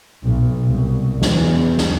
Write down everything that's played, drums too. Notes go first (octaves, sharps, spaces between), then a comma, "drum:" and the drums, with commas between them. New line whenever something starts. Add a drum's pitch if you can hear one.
B1
C2
E2, drum: snare
drum: snare